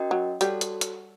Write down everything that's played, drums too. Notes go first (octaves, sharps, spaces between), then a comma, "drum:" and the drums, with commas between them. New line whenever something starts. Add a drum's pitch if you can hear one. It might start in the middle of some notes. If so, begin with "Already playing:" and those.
Already playing: C#4 F#4 A#4 D#5 G5
F#3
G3 F#4 A4 C#5 F#5, drum: hi-hat
drum: hi-hat
drum: hi-hat